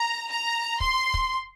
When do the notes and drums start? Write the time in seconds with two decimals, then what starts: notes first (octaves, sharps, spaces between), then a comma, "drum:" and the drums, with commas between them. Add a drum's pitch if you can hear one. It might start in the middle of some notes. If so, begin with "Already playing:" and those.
Already playing: A#5
0.30 A#5
0.80 C6, drum: kick
1.14 drum: kick